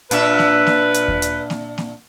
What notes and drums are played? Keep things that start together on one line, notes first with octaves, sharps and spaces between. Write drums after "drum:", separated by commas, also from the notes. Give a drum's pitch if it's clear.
A#2 D4 B4 E5, drum: hi-hat
drum: snare A#3
drum: snare A#3
drum: hi-hat
drum: kick D#2
drum: hi-hat
drum: snare A#3
drum: snare A#3